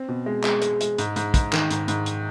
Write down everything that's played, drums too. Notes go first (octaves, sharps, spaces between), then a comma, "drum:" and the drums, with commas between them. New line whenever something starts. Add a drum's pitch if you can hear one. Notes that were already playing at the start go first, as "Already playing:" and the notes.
Already playing: C4
B2
G#3
G#3, drum: clap
G#3, drum: hi-hat
G#3, drum: hi-hat
G#2, drum: hi-hat
G#2, drum: hi-hat
G#2, drum: kick, hi-hat
D#3, drum: clap
G#2, drum: hi-hat
G#2, drum: hi-hat
drum: hi-hat